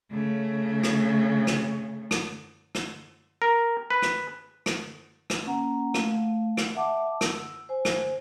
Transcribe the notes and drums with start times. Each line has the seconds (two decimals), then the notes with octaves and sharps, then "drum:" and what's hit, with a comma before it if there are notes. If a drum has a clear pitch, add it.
0.11 C#3 A3
0.83 drum: rim click
1.47 drum: rim click
2.11 drum: rim click
2.75 drum: rim click
3.42 A#4
3.90 B4
4.02 drum: rim click
4.66 drum: rim click
5.30 drum: rim click
5.46 A#3 C#4 F#5 A#5
5.94 A3 F5, drum: rim click
6.57 drum: rim click
6.75 E5 F#5 A5 D6
7.21 E6, drum: rim click
7.69 C5 G#5
7.85 drum: rim click